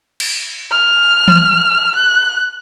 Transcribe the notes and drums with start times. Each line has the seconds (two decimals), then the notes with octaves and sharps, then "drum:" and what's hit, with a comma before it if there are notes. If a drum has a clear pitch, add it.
0.20 drum: cymbal
0.71 F6
1.28 drum: tom E3
1.96 F#6